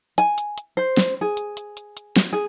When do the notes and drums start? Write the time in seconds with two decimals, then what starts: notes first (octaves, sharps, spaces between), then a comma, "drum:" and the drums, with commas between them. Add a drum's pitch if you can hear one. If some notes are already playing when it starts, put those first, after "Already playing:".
0.18 G#5, drum: hi-hat
0.38 drum: hi-hat
0.58 drum: hi-hat
0.77 C5
0.97 drum: snare
1.21 G#4
1.37 drum: hi-hat
1.57 drum: hi-hat
1.77 drum: hi-hat
1.97 drum: hi-hat
2.16 drum: snare
2.33 G#4